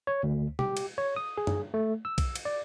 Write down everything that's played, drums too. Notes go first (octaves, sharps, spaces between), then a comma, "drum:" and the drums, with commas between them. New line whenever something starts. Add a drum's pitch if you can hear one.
C#5
D2
G4, drum: tom B2
drum: cymbal
C#5
D#6
G#4
drum: tom
A3
E6
drum: kick B1, cymbal
drum: cymbal
D5